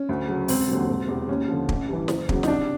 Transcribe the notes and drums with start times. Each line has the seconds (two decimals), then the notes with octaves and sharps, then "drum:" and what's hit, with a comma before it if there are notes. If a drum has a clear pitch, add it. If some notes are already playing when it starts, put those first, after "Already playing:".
Already playing: C#4
0.09 D2
0.28 C#3 F#3
0.48 E1 C4, drum: open hi-hat
0.68 D#2 D3 F#3
0.89 E1
1.08 E2 C3
1.29 D#2 C#4
1.48 D3 F3
1.69 A1, drum: kick
1.89 G2 E3
2.08 F#1, drum: snare
2.29 E2 C#3 F#3, drum: kick
2.43 D#4, drum: snare
2.48 C2 D4